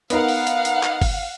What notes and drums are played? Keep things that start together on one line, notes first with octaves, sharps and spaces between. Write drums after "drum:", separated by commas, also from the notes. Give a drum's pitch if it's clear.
B3 D#4 A#4 F5 F#5, drum: hi-hat
drum: open hi-hat
drum: hi-hat
drum: hi-hat
drum: clap
drum: kick G1, open hi-hat